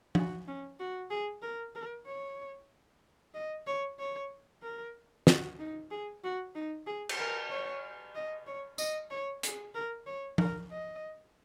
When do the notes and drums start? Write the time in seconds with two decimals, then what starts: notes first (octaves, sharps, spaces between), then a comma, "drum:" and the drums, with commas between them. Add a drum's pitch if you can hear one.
0.15 F#4, drum: tom F3
0.48 C#4
0.80 F#4
1.10 G#4
1.42 A#4
1.75 A#4
2.06 C#5
3.34 D#5
3.67 C#5
3.99 C#5
4.62 A#4
5.27 F#4, drum: snare
5.59 D#4
5.91 G#4
6.23 F#4
6.55 D#4
6.86 G#4
7.09 drum: cymbal
7.19 A#4
7.50 C#5
8.15 D#5
8.47 C#5
8.78 D#5, drum: tambourine
9.11 C#5
9.43 G#4, drum: hi-hat
9.75 A#4
10.06 C#5
10.38 A#4, drum: tom F3
10.71 D#5